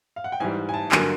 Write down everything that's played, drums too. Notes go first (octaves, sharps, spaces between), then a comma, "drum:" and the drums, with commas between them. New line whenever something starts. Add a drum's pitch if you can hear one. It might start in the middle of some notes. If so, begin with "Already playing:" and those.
F5
F#5
G5
G#2 E3 G3 G#5
G#5
A5
G2 D3 F#3 A#3 G#5, drum: clap